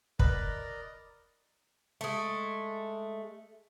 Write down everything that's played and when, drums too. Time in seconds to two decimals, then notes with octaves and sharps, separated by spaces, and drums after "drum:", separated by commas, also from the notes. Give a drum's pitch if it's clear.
0.19 A#4 B4 D5 D#5, drum: kick
2.01 G#3 A3